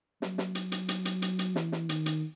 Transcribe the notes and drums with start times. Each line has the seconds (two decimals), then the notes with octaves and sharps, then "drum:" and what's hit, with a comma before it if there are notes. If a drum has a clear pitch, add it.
0.22 F#3, drum: snare
0.38 drum: snare
0.55 drum: hi-hat
0.72 drum: hi-hat
0.88 drum: hi-hat
1.05 drum: hi-hat
1.22 drum: hi-hat
1.39 drum: hi-hat
1.56 E3, drum: snare
1.72 drum: snare
1.89 D#3, drum: hi-hat
2.06 drum: hi-hat